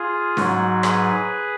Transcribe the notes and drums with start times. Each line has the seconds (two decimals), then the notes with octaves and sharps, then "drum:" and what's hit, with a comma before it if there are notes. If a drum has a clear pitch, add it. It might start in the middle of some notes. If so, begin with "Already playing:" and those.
Already playing: F4 G#4
0.37 G#2 F#3 F#4, drum: snare C#4
0.83 G#4 B4, drum: rim click